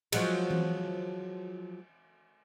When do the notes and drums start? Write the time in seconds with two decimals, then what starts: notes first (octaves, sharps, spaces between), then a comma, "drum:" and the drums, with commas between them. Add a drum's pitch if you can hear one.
0.12 F3 F#3 G#3, drum: cymbal
0.51 drum: tom E3